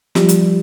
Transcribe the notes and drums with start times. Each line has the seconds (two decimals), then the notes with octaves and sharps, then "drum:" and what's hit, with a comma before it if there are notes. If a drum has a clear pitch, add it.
0.15 F3 G3, drum: snare
0.29 drum: hi-hat